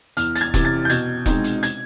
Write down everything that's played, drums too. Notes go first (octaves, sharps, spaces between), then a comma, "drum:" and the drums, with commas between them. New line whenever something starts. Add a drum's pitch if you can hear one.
E2 F6, drum: hi-hat
A6, drum: hi-hat
G#6
C3 E3, drum: kick E1, hi-hat
A6
G6
B2 G#6, drum: hi-hat
G#3 C4 D#4, drum: kick E1, hi-hat
drum: hi-hat
G#6, drum: hi-hat